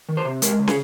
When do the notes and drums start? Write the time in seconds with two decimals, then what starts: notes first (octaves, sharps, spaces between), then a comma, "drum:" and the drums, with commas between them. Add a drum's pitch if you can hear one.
0.09 D#3
0.17 C5
0.25 C3
0.42 G#3 A#4, drum: hi-hat
0.59 C#3
0.68 G#4, drum: snare